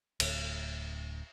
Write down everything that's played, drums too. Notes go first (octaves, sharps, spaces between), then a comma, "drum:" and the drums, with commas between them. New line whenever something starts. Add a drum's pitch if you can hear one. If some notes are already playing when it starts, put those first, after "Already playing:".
D1 D2, drum: cymbal